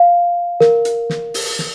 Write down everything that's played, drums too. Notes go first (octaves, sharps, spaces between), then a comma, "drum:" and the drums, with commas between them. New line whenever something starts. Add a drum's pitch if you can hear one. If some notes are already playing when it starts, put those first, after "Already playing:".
Already playing: F5
A#4, drum: snare
drum: hi-hat
drum: snare
drum: open hi-hat
drum: snare